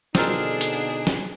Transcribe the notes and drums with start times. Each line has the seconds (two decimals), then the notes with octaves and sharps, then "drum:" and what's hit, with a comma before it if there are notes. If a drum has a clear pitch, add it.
0.15 B2 D3 C4 D4 D#4 F4 G#4 A#4, drum: snare
0.61 drum: hi-hat
1.07 drum: snare